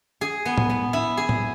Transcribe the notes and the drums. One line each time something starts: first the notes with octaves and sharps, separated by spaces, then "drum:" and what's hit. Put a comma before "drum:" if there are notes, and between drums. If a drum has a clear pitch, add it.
G#4
B3
drum: tom A2
B3
E4
G#4
drum: tom A2